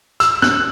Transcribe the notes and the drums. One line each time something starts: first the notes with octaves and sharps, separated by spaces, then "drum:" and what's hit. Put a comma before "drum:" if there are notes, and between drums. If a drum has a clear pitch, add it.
E6, drum: hi-hat
F#6, drum: snare